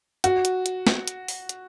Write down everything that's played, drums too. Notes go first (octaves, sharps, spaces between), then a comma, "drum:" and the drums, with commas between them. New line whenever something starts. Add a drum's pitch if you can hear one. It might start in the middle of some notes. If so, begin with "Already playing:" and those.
F#4, drum: hi-hat
drum: hi-hat
drum: hi-hat
drum: snare
drum: hi-hat
drum: open hi-hat
drum: hi-hat